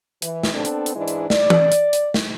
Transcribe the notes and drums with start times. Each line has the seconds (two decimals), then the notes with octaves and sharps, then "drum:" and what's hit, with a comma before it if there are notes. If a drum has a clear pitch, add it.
0.22 E3, drum: hi-hat
0.43 drum: snare
0.53 B3 C4 D4 A4
0.65 drum: hi-hat
0.86 drum: hi-hat
0.96 G#2 E3 G#3 D4 E4
1.08 drum: hi-hat
1.30 D5, drum: snare
1.50 drum: tom
1.72 drum: hi-hat
1.93 drum: hi-hat
2.14 drum: snare